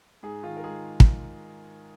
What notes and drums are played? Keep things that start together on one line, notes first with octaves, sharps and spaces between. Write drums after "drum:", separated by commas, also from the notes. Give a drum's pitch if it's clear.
G#2 G#4
D#3 F4
A#4
G#3 G#4
drum: kick